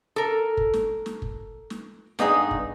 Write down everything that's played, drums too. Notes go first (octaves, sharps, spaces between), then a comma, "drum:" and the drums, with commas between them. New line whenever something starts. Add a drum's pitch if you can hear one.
A4 A#4
drum: kick
drum: snare
drum: snare
drum: kick
drum: snare
G2 B3 D#4 G#4, drum: snare
drum: kick